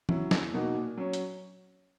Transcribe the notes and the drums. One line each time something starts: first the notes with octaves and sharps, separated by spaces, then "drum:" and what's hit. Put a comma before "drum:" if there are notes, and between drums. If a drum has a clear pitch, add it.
F#3 C#4 E4, drum: tom E3
E2, drum: snare
B2 A#3 D#4 F#4
A#2
F#3 C#4
drum: hi-hat